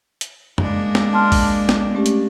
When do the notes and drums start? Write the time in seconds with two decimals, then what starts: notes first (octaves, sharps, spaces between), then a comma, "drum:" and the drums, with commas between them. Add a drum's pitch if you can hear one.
0.21 drum: hi-hat
0.58 G#3 A#3 D4, drum: tom F2
0.95 drum: snare
1.13 A5 C6 F6
1.32 drum: kick A#1, open hi-hat
1.69 drum: snare
1.95 A3 C#4 G4
2.06 drum: hi-hat